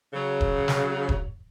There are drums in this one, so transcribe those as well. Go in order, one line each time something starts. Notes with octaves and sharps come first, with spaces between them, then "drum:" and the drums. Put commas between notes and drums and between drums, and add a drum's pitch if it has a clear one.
C#3 F#3
drum: kick D#1
drum: snare
drum: kick D#1